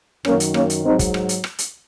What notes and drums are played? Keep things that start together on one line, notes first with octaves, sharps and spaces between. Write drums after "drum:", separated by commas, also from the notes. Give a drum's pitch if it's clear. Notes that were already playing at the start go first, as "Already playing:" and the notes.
F#2 D#3 F#3 A#3 C#4, drum: rim click
drum: hi-hat
A#3 C#4, drum: rim click
drum: hi-hat
G#2 F#3 C4 D#4
drum: kick, hi-hat
drum: rim click
drum: hi-hat
drum: rim click
drum: hi-hat